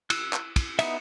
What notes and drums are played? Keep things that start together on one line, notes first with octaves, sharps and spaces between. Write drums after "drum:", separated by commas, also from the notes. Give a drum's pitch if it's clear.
E6 F#6, drum: cymbal
drum: clap
drum: kick, cymbal
B3 D#4 E5, drum: cymbal